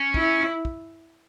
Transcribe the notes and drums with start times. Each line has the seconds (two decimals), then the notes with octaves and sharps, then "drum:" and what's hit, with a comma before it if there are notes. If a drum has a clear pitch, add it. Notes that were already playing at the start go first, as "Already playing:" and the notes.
Already playing: C#4
0.14 E4, drum: kick
0.65 drum: kick